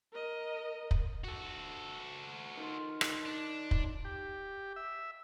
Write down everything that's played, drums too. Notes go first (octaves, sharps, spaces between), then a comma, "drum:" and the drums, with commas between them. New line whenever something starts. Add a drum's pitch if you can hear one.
A#4 D#5
drum: kick
F#4 A4
D#3 F4
drum: rim click
D4
drum: kick
G4
E5